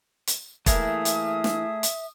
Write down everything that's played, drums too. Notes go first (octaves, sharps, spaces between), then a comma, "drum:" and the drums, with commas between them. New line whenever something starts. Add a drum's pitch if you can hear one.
drum: hi-hat
E3 A3 A#3 G#4 A#4 E5 D#6, drum: kick, hi-hat
drum: hi-hat
drum: snare
drum: hi-hat